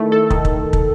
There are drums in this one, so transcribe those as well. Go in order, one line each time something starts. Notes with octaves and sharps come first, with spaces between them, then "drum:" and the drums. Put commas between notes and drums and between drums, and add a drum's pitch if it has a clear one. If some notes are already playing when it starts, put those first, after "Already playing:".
Already playing: D#3 A3 E4
A4
D#3, drum: kick
drum: kick
drum: kick